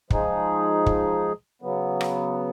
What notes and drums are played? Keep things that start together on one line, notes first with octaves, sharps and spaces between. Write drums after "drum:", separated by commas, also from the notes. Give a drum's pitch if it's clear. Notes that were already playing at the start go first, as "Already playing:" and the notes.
F3 G#3 D#4 G#4, drum: kick
drum: kick
C#3 F#3 B3
drum: rim click